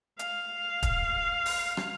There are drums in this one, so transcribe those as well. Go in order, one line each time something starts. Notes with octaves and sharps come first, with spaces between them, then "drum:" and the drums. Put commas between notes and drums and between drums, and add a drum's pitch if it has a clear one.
F5, drum: hi-hat
drum: kick, hi-hat
drum: open hi-hat
drum: rim click